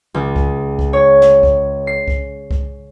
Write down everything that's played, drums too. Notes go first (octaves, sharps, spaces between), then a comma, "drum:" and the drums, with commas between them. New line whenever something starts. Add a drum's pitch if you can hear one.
C#2
drum: kick C2
drum: kick C2
C#5
drum: snare
drum: kick C2
C7
drum: kick C2
drum: kick C2